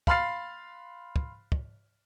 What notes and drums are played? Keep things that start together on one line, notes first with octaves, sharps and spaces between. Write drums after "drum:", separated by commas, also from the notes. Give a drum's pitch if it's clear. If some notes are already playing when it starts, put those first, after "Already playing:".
F5 B5 C6 F6 A6 C7, drum: kick
drum: kick
drum: kick